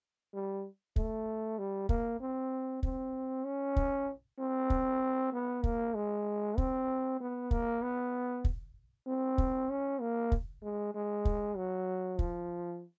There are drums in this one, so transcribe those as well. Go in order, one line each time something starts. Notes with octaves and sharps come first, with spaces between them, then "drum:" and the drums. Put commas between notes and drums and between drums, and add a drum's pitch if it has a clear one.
G3
A3, drum: kick
G3
A#3, drum: kick
C4
C4, drum: kick
C#4
drum: kick
C4
drum: kick
B3
A#3, drum: kick
G#3
C4, drum: kick
B3
A#3, drum: kick
B3
drum: kick
C4
drum: kick
C#4
A#3
drum: kick
G#3
G#3
drum: kick
F#3
F3, drum: kick